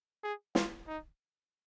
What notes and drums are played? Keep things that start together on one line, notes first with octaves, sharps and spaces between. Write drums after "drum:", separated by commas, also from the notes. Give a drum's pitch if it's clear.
G#4
F4, drum: snare
D#4